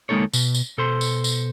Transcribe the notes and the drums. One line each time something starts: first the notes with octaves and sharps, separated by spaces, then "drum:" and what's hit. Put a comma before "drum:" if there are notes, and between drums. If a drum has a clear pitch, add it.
D2 G#3 A#3 D#4 A4 C#5
B2, drum: tambourine
drum: tambourine
B2 A4 C5 C6
drum: tambourine
drum: tambourine